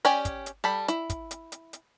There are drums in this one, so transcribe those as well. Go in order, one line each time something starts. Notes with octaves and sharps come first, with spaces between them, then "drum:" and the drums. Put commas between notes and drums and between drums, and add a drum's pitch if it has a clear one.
C#4 G4 D5 G5 G#5, drum: hi-hat
drum: kick, hi-hat
drum: hi-hat
G3 A4 B5
E4, drum: hi-hat
drum: kick, hi-hat
drum: hi-hat
drum: hi-hat
drum: hi-hat